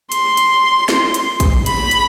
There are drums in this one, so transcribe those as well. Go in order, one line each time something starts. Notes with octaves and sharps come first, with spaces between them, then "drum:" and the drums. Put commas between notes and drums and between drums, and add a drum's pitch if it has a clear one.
C6, drum: hi-hat
drum: hi-hat
drum: snare
drum: hi-hat
drum: kick, hi-hat
B5, drum: hi-hat
drum: hi-hat